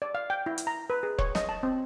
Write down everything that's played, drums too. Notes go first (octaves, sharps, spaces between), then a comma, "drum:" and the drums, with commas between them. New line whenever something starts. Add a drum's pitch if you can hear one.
D5
F5
G5
E4
drum: hi-hat
A#5
B4
G#4
C#5, drum: kick E1
D#5, drum: snare
A5
C4